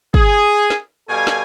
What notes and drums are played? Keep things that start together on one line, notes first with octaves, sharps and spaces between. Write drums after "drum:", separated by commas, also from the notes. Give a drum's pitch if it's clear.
G#4, drum: kick
drum: snare
B2 G3 A4 F5 G#5
drum: snare